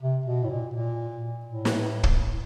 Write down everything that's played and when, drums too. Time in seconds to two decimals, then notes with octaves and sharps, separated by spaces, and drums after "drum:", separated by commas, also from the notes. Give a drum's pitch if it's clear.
0.02 C3
0.26 B2
0.44 A2
0.50 A#2
0.74 A#2
1.45 A2
1.65 drum: snare
2.03 drum: kick